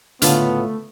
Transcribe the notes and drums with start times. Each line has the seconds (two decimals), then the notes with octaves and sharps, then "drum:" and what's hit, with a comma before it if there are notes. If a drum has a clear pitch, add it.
0.22 C#2 A2 D3 A3 B3 D4 F4 F6, drum: hi-hat